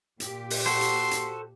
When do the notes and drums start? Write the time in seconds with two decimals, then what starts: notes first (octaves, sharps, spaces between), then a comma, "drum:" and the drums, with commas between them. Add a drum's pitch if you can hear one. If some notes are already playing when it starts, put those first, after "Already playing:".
0.20 A#2 G4, drum: hi-hat
0.50 drum: open hi-hat
0.66 F#4 A4 C5 C6
0.81 drum: hi-hat
1.11 drum: hi-hat